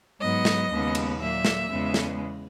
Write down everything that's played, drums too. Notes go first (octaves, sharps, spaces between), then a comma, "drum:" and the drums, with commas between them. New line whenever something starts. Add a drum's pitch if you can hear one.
G#2 F#3 B3 D#5
drum: snare
D#2 C#3 G#3 B3
drum: cymbal
A#2 F#3 A#3 E5
drum: snare
E2 C#3 G#3 B3
drum: snare